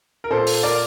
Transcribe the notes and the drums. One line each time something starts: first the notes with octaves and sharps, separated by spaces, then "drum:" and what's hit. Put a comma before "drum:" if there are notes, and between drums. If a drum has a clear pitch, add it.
A#4
A#2 A4 C5
drum: open hi-hat
A#4 D5